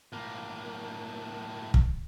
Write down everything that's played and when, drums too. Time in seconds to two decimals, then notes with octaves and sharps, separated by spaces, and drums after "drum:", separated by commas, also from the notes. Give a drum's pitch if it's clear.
0.13 A2 A#3
1.74 drum: kick